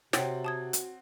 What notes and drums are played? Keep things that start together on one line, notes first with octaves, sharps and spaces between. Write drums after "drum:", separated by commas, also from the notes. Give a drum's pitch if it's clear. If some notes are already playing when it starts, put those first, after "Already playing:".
C3 C4 F#4 C#5 F#5 G5 A6, drum: snare
A5 D#6 G#6
drum: hi-hat